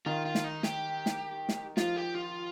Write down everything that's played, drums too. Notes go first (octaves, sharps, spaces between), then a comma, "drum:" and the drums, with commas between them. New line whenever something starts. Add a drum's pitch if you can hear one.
D#3 F4
F4
drum: snare
D#4
G4, drum: snare
drum: snare
drum: snare
F3 F4, drum: snare
G4
F4